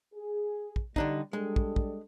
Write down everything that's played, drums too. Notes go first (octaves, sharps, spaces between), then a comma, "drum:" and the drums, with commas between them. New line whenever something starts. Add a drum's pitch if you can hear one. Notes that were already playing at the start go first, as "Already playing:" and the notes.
G#4
drum: kick
D3 G3 D4 D#4, drum: kick
G3 G#3 D4 A4
drum: kick
drum: kick